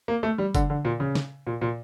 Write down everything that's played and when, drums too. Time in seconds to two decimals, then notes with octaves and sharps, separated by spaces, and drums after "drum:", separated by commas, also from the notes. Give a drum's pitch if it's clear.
0.08 A#3
0.23 A3
0.38 G3
0.55 D3, drum: kick F#1, tambourine
0.70 D3
0.85 A#2
1.00 C#3
1.15 drum: snare
1.47 A#2
1.61 A#2